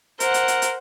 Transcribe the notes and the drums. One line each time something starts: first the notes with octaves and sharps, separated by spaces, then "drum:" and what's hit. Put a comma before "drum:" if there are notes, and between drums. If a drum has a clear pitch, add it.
A#4 C5 F#5, drum: hi-hat
drum: hi-hat
drum: hi-hat
drum: hi-hat